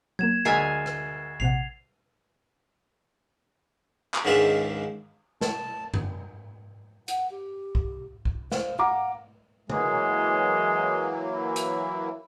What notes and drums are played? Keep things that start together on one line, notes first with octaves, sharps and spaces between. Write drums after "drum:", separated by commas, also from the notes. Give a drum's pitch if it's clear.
F#3 A#3 G#6 E7
D2 G#3 A#4 E5 G#5 A6 C7
drum: rim click
A#1 C3 F#5 C7 F7
drum: clap
C#2 G#2 D#3 D4 F4 E5
A5, drum: snare
drum: tom F#2
F#5, drum: hi-hat
G4
drum: kick B1
drum: kick B1
C5 F5, drum: snare
F5 F#5 A#5 D6
E3 F#3 G#3 A#3, drum: tom C#3
E4
drum: hi-hat